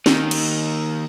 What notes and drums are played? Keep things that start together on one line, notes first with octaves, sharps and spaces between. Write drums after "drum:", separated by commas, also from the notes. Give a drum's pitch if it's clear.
D#2 D#3, drum: snare
drum: cymbal